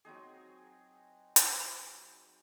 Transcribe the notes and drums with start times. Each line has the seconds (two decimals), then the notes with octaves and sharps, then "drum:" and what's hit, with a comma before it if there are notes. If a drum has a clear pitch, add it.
0.05 F#3 C4 D#4 G#4
1.36 drum: hi-hat